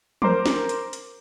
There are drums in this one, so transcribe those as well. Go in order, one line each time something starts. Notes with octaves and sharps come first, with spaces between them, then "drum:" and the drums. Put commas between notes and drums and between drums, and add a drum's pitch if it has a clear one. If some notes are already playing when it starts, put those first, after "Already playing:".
A#4 C5 A#5 C6 D6, drum: tom E3
drum: snare
drum: hi-hat
drum: hi-hat